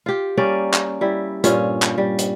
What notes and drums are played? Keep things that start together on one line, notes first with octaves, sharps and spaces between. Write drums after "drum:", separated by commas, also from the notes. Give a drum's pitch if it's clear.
F4 G4
G3 A#3 C#4 D5
drum: clap
G3 E4
G2 A#2 C#4 F4, drum: hi-hat
drum: clap
G3
drum: hi-hat